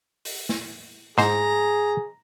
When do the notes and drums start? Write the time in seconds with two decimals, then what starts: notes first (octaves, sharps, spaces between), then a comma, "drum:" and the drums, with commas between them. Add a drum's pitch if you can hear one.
0.25 drum: open hi-hat
0.49 drum: snare
1.18 G#2 G#4 C5 A#5, drum: snare